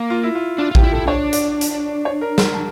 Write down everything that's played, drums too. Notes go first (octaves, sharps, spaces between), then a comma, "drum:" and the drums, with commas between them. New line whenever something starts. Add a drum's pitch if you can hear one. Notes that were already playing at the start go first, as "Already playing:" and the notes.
Already playing: A#3
F4
E4
F4
D4 F4
F4
G4, drum: kick A1
E4
A4
E4
D4 C#5
D5, drum: hi-hat
drum: hi-hat
C#5
A#4
A#4, drum: snare
A5